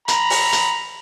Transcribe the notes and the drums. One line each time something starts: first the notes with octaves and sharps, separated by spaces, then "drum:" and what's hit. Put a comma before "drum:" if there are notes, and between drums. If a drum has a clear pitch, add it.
A#5 B5, drum: hi-hat
drum: open hi-hat
drum: hi-hat